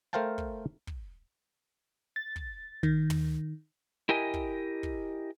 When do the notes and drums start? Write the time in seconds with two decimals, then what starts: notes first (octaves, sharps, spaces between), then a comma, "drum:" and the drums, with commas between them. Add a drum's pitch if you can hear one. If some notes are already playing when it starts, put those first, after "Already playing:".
0.13 A3 A#4 C5 F5 G5 A5
0.38 drum: kick
0.87 drum: kick
2.16 A6
2.36 drum: kick
2.83 D#3, drum: kick
3.10 drum: tom
4.09 E4 G4 A#4 D#5 G#5
4.34 drum: kick
4.83 drum: kick